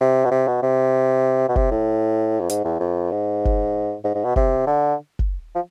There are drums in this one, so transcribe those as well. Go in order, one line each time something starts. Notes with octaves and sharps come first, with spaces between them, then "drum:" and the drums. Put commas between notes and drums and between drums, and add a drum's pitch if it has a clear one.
C3
B2
C3
B2
C3
B2
C3, drum: kick
A2
F2
G#2, drum: hi-hat
E2
F2
G#2
drum: kick
G#2
G#2
B2
C3, drum: kick
D3
drum: kick
F3